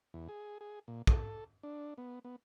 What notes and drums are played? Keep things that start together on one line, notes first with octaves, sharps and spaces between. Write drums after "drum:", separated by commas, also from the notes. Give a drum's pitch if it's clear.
E2
G#4
G#4
A#2
A4, drum: kick
D4
B3
B3